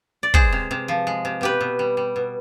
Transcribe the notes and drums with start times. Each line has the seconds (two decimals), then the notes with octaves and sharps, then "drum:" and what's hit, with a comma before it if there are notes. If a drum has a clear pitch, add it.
0.23 D5
0.34 G#3 G#4 C5, drum: kick
0.52 C3
0.71 C3
0.88 F3
1.07 G#3
1.25 C3
1.41 B2 G4 B4
1.61 B2
1.79 G3
1.97 G3
2.16 B2